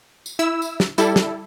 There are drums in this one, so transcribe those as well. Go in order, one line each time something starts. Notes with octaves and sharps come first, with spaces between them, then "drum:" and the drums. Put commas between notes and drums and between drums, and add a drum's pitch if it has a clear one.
drum: tambourine
E4 E6
drum: tambourine
drum: snare
G3 E4 A4, drum: tambourine
drum: snare